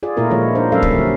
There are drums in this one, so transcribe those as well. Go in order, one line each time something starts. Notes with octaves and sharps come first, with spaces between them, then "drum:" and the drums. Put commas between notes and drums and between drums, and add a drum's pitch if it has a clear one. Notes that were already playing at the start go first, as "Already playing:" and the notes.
F4 G#4 D5
A#2 A3 E4 F4 A#4
D#3 F3 G#3 E4 C#5
D4 A#4 C5
F#3 A#3 C#4 A4 E5 F5
drum: kick
D3 G3